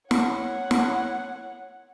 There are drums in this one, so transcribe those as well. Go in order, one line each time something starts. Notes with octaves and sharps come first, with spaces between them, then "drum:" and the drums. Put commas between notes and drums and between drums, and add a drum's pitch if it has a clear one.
C#5 F#5, drum: snare
drum: snare